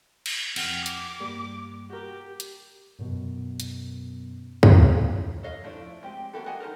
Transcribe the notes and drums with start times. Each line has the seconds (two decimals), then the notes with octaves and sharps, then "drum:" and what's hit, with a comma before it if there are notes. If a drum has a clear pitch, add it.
0.26 drum: cymbal
0.56 F2 F#5 G5 F6, drum: cymbal
0.86 D6, drum: hi-hat
1.20 G2 G3 A#3
1.90 F#4 G4 A#4
2.40 drum: hi-hat
2.99 F#2 B2
3.60 drum: hi-hat
4.63 drum: kick
5.43 A4 C#5 D#5 F5
5.64 F3 A3 D4 E4
6.03 G#3 C4 G4
6.33 A#3 B3 F#4 G4 A4
6.46 G#4 D#5 F#5 G#5 A5
6.60 D#4 F#4 A4 A#4